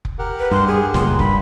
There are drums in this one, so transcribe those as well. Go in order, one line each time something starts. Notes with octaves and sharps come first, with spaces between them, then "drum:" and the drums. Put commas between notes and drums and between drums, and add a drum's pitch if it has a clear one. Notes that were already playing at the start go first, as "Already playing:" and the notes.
drum: kick F1
G4 A#4 F#5
B4
G2 C6
G#4
F#1 C#2 A#2 C6, drum: snare
G2 B5, drum: kick F1